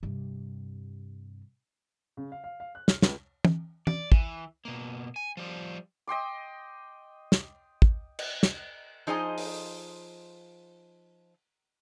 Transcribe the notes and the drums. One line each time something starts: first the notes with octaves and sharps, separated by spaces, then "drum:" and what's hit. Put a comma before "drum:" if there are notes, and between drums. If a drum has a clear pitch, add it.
G2 C3
C#3
F5
F5
F5
F#6
F6, drum: snare
C#2, drum: snare
drum: tom E3
D5, drum: tom E3
E3, drum: kick
B2 A#3
G#5
F3 G3
D#5 G5 C6 D6
drum: snare
drum: kick
drum: cymbal
drum: snare
F3 D#4 G#4 C5 D#5 G#5
drum: open hi-hat